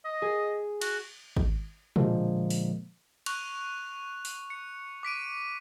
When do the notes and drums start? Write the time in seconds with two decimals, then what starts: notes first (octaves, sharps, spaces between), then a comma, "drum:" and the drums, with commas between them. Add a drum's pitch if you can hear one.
0.05 D#5
0.22 G#4
0.81 F#4, drum: cymbal
1.37 drum: kick G#1
1.96 A#2 D3 F3 G#3 A#3, drum: tom B2
2.50 drum: open hi-hat
3.26 C#6 F#6 F7, drum: cymbal
4.25 drum: open hi-hat
4.50 C#7
5.03 D6 B6 D7 D#7